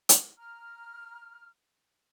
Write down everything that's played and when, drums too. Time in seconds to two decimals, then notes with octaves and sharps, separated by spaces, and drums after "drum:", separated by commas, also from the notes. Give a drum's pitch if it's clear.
0.09 drum: hi-hat
0.38 A#5 F6